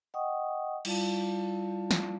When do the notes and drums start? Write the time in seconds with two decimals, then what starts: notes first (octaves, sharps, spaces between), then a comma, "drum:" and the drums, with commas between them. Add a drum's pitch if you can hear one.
0.14 D#5 F#5 G5 C#6 D#6
0.85 G3 E4 F4 D5 F5 A5, drum: cymbal
1.91 drum: snare